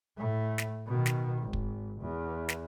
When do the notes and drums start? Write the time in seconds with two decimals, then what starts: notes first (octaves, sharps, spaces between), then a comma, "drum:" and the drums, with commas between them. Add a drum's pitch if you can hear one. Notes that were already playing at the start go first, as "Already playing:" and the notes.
0.18 A2 A3
0.58 drum: snare
0.86 B2 D#3
1.06 drum: snare
1.42 G#1
1.53 drum: kick
2.01 E2
2.49 drum: snare